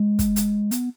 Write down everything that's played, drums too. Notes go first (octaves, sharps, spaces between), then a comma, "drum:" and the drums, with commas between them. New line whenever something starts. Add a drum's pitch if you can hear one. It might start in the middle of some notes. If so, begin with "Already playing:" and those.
Already playing: G#3
drum: kick, hi-hat
drum: hi-hat
B3, drum: hi-hat